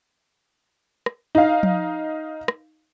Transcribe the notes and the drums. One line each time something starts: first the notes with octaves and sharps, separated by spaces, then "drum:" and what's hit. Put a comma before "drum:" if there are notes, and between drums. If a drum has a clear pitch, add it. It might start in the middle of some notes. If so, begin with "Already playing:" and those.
drum: rim click
D#4 F5
drum: tom F3
drum: rim click